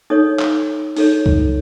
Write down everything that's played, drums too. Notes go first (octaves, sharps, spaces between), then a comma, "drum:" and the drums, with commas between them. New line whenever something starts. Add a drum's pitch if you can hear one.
D#4 A4 C#5 D#6
drum: clap
D#4 A4 C#5, drum: open hi-hat
drum: kick